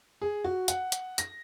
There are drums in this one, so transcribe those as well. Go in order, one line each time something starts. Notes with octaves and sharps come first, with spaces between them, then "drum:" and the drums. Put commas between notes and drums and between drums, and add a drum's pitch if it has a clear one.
G#4
F#4
F#5, drum: hi-hat
drum: hi-hat
A#6, drum: hi-hat